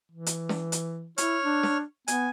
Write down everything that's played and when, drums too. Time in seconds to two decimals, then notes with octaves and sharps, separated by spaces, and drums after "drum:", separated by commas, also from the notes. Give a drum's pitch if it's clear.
0.11 E3
0.26 drum: hi-hat
0.49 drum: snare
0.72 drum: hi-hat
1.18 E4 C#5 F6, drum: hi-hat
1.43 D4
1.63 drum: snare
2.08 B3 G#5, drum: hi-hat